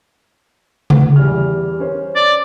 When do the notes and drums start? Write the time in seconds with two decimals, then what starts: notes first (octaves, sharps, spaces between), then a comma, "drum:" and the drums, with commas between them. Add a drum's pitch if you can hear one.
0.90 drum: tom C#3
1.16 E2 G3 F6
1.80 C#4 C5
2.15 D5